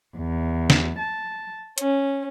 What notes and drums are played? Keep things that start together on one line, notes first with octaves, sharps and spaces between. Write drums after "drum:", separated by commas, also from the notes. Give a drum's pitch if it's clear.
E2
drum: snare
A5
C#4, drum: hi-hat